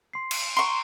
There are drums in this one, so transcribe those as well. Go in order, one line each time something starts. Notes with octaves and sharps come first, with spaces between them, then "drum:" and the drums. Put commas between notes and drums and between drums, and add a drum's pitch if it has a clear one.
C6 C7
drum: cymbal
A#5 C6 C#6 C7 D7